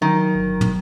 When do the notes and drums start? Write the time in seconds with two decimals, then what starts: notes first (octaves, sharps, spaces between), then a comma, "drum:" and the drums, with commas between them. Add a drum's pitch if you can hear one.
0.02 D#3 F#3
0.35 G1
0.61 drum: tom